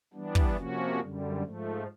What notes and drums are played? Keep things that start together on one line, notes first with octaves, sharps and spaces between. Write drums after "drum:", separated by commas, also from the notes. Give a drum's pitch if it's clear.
E3 G3 B3 D4
drum: kick
C3 F3 A#3 C#4 F#4
F#2 D3 G3
G#2 F3 A3